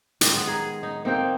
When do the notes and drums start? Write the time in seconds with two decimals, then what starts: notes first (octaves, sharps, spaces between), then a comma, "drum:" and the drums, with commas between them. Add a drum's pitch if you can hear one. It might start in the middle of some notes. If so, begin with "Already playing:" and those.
0.21 D#3 G#3, drum: hi-hat
0.35 B3
0.47 G#4 A#5
0.83 D#4
1.05 A#3 C4 D#4 G5